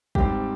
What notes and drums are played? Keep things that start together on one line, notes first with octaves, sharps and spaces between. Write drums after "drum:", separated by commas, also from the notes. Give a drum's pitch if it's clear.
G#2 G3 C4 G4, drum: kick